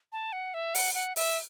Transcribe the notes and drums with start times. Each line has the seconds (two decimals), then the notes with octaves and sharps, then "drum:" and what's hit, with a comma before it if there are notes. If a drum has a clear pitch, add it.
0.12 A5
0.33 F#5
0.54 E5
0.75 F#5, drum: open hi-hat
0.94 F#5
1.16 E5, drum: open hi-hat